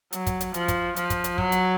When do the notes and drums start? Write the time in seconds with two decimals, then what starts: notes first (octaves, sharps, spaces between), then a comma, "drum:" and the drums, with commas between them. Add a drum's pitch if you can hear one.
0.13 F#3, drum: hi-hat
0.27 drum: kick, hi-hat
0.40 drum: hi-hat
0.54 F3, drum: hi-hat
0.68 drum: kick, hi-hat
0.96 F3, drum: hi-hat
1.10 drum: kick, hi-hat
1.24 drum: hi-hat
1.38 F#3, drum: kick
1.52 drum: hi-hat